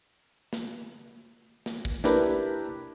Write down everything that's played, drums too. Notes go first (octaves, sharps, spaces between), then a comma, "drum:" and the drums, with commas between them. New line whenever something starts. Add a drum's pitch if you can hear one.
drum: snare
drum: snare
drum: kick
D4 E4 G4 A#4 B4, drum: snare